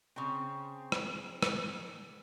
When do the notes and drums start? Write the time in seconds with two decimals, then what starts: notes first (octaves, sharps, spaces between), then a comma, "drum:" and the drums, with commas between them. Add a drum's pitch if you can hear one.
0.16 C#3 C4
0.92 drum: rim click
1.43 drum: rim click